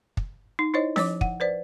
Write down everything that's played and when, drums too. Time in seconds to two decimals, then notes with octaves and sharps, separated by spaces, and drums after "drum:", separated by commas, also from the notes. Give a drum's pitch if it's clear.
0.17 drum: kick
0.59 D#4
0.74 D#4 E4 C5 C#5 D#5
0.96 F3 C#5 D6, drum: snare C#4
1.21 F#5, drum: kick
1.40 B4 C5 D5